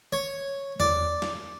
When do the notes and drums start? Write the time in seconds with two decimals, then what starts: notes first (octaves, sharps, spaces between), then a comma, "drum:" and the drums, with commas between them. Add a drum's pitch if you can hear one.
0.13 C#5
0.80 D5, drum: tom E2
1.22 drum: snare